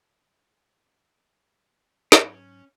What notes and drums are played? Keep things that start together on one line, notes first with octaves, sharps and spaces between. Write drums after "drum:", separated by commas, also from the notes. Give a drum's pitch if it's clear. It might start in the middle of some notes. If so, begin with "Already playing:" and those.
G#2 F#3 C#4, drum: snare